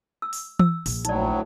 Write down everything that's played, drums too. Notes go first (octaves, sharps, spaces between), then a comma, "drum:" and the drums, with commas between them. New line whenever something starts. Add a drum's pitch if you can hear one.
E6
drum: open hi-hat
E6, drum: tom E3
A#1, drum: open hi-hat
D2 A2 F#3 D#4 D5, drum: hi-hat